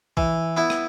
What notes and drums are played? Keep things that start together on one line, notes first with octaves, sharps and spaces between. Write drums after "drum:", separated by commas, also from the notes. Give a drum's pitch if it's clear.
E3, drum: kick
B3 E4
drum: rim click